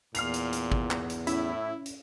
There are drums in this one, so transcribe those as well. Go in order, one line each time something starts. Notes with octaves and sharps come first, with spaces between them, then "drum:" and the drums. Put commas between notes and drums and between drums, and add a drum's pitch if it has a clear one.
E2 A#2 F6 C7 F7, drum: hi-hat
drum: hi-hat
drum: hi-hat
drum: kick
drum: clap
drum: hi-hat
A2 C#4 E4, drum: hi-hat
drum: hi-hat